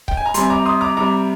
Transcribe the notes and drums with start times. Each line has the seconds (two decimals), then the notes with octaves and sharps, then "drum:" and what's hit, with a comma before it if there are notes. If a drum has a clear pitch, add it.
0.08 G5, drum: kick C#1
0.17 G#5
0.26 A#5
0.34 C3 G3 G#5 C6, drum: hi-hat
0.50 A#5 D6
0.65 C6 D#6
0.81 A#5 D6
0.97 C3 G3 A#5 D6